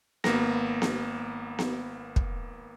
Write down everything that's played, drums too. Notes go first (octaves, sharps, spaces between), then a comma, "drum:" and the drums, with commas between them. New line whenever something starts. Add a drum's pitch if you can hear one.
G#1 A#3 B3 A#6, drum: snare B3
drum: snare B3
drum: snare B3
drum: kick